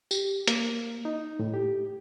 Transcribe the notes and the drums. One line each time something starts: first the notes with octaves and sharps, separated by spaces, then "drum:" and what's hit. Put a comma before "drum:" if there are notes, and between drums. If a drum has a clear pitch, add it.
G4, drum: tambourine
A#3, drum: hi-hat
D#4
A2
G4